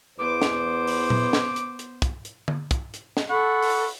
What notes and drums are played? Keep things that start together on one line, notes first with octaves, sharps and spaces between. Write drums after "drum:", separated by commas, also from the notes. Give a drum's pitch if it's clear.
E2 B3 B4 C5 D6
drum: snare
drum: open hi-hat
drum: tom A#2
drum: snare
drum: hi-hat
drum: hi-hat
drum: kick, hi-hat
drum: hi-hat
drum: tom D3
drum: kick, hi-hat
drum: hi-hat
drum: snare
A4 F#5 B5 C#6
drum: open hi-hat